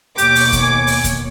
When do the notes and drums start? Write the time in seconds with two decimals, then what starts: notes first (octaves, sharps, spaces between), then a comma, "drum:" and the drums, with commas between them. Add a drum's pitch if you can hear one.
0.18 D#2 B2 G4 C#5 D6, drum: hi-hat
0.35 drum: open hi-hat
0.53 drum: kick D#2, hi-hat
0.63 G#5
0.87 drum: open hi-hat
1.04 drum: kick D#2, hi-hat